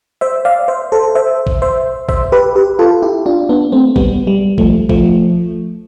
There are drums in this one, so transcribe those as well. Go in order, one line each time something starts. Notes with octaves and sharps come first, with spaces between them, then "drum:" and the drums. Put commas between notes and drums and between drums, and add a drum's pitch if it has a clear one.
C5 E5
D5 F5
C5 E5
A4 C5
C5 E5
drum: kick
C5 E5
C5 E5, drum: kick
G4 B4
G4 B4
F4 A4
E4 G4
D4 F4
B3 D4
A3 C4
G3 B3, drum: kick
G3
F3 A3, drum: kick
F3 A3, drum: kick